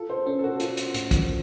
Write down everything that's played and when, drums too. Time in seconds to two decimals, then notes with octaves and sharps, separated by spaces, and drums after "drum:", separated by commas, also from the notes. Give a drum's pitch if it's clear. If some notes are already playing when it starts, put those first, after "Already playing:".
Already playing: F4 A4
0.10 C5
0.26 C#4 A4
0.39 A4
0.44 F#4
0.60 F4, drum: hi-hat
0.77 drum: hi-hat
0.94 A2, drum: hi-hat
1.11 drum: kick, hi-hat